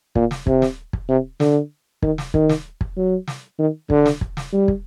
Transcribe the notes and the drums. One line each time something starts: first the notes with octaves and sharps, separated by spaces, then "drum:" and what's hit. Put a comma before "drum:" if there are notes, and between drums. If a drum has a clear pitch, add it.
A#2, drum: kick
drum: snare
C3, drum: kick
drum: snare
drum: kick
C3
D3, drum: snare
D#3, drum: kick
drum: snare
D#3, drum: kick
drum: snare
drum: kick
F#3
drum: snare
D#3
D3, drum: kick
drum: snare
drum: kick
drum: snare
G3
drum: kick